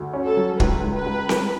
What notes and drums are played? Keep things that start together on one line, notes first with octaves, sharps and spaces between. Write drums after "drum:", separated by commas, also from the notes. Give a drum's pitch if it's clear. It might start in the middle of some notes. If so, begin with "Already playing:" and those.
Already playing: D2
C#4
A4
F#3
C#2 B4, drum: kick
C#2
B4
C#2
G3, drum: snare C4